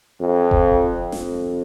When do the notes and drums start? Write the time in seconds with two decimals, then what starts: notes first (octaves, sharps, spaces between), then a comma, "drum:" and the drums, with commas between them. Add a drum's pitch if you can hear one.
0.21 F2
0.51 drum: kick E1
1.12 F2, drum: snare